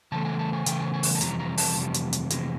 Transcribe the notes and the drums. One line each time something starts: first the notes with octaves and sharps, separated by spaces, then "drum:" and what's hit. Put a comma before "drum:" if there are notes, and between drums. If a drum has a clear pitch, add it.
C#3 E3 A3 A5
G#5
A5
G#5
C#3 E3 A3 G5, drum: hi-hat
G#5
G#5
drum: open hi-hat
A5
F2 C3 E3 G3 A#5, drum: hi-hat
A#5
A5, drum: open hi-hat
F2 C3 E3 G3
drum: hi-hat
drum: hi-hat
F2 C3 E3 G#3, drum: hi-hat